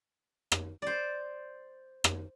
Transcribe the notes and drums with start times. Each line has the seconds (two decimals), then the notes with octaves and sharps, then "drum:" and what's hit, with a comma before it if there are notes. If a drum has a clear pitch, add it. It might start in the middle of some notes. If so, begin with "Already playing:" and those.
0.52 drum: rim click
0.82 C5 D5
2.04 drum: rim click